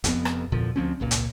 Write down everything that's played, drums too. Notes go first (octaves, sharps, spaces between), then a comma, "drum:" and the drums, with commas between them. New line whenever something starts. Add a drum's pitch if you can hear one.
F1 F2 B3, drum: hi-hat
drum: rim click
E2 A#2 D3 F3
D2 F3 C4 C#4
G#1 C#2 A#2
drum: hi-hat